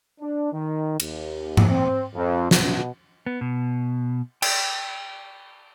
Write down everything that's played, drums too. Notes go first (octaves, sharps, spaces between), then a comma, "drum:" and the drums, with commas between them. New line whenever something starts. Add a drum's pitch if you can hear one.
D4
D#3
D#2, drum: cymbal
drum: tom G#2
C4
F2
B2, drum: snare
B3
B2
G5, drum: cymbal